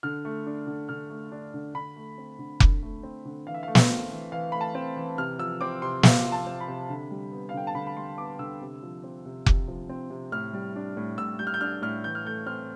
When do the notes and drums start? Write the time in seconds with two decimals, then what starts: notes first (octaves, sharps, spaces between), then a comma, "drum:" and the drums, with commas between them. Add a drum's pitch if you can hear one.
0.03 D3 F6
0.25 A3
0.46 D4
0.67 D3
0.89 D3 F6
1.10 A3
1.32 D4
1.54 D3
1.75 D3 B5
1.96 A3
2.18 C4
2.39 D3
2.60 D3, drum: kick F1
2.83 A3
3.03 C4
3.25 D3
3.46 E3 F5
3.54 E5
3.63 A3 F5
3.75 drum: snare
3.90 C4
4.11 E3
4.32 E3 F5
4.52 A3 B5
4.61 A5
4.75 C4
4.96 E3
5.18 C3 F6
5.39 F3 E6
5.61 C4 D6
5.82 C3 C6
6.03 C3 F5, drum: snare
6.25 F3
6.32 A5
6.47 C4
6.61 B5
6.68 C3
6.90 D3
7.11 G3
7.32 B3
7.49 F5
7.54 D3 G5
7.67 A5
7.75 D3 B5
7.87 B5
7.97 G3 C6
8.18 B3 D6
8.39 D3 E6
8.61 C3
8.83 F3
9.04 C4
9.26 C3
9.46 C3, drum: kick F1
9.68 F3
9.89 C4
10.10 C3
10.32 A2 F6
10.53 G3
10.76 D4
10.97 A2
11.18 A2 E6
11.39 G3 G6
11.47 F6
11.54 G6
11.61 D4 F6
11.82 A2 F6
12.04 E3 G6
12.15 F6
12.25 A3 G6
12.46 C4 F6